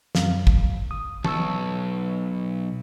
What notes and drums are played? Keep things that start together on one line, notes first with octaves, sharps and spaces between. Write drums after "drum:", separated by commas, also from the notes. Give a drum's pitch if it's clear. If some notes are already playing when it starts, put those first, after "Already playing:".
F#2 F5, drum: snare
drum: kick
D#6
B1 A5 C#6 E6, drum: tom